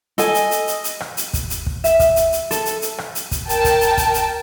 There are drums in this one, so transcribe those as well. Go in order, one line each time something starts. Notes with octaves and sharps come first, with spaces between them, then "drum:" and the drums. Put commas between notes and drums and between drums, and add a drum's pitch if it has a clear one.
A4 D#5 G#5, drum: hi-hat
drum: hi-hat
drum: hi-hat
drum: hi-hat
drum: hi-hat
drum: rim click
drum: hi-hat
drum: kick, hi-hat
drum: hi-hat
drum: kick
E5, drum: hi-hat
drum: kick, hi-hat
drum: hi-hat
drum: hi-hat
A4, drum: hi-hat
drum: hi-hat
drum: hi-hat
drum: rim click
drum: hi-hat
drum: kick, hi-hat
A#4 G5 A5, drum: hi-hat
drum: kick, hi-hat
drum: hi-hat
drum: kick, hi-hat
drum: hi-hat